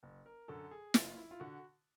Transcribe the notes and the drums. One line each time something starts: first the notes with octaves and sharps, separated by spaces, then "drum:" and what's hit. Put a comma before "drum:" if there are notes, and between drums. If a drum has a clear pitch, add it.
F#1
A#4
F#2 D3 A4
G#4
F#1 F4, drum: snare
E4
F4
D3 F#4